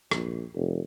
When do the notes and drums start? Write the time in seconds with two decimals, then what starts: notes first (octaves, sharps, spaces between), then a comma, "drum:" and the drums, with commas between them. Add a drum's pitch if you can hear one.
0.11 A#1, drum: rim click
0.55 F1